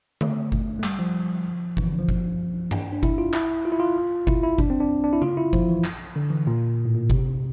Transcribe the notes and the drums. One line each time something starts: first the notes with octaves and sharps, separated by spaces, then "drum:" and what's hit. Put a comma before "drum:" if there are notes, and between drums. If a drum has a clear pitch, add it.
A3, drum: tom D3
drum: kick G1
A3
G3, drum: clap
F3
E3, drum: kick G1
D3
F3
drum: kick G1
drum: tom G2
D4
E4, drum: kick G1
F4
E4, drum: clap
F4
E4
F4
E4, drum: kick G1
E4
D4, drum: kick G1
C4
D4
D4
E4
F4, drum: tom C#3
E4
F3, drum: kick G1
E3
drum: clap
D3
E3
A#2
A2
A#2
C3, drum: kick G1